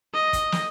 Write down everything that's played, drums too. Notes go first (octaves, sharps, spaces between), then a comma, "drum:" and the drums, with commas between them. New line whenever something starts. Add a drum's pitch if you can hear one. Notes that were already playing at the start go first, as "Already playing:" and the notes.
D#5
drum: kick, hi-hat
drum: snare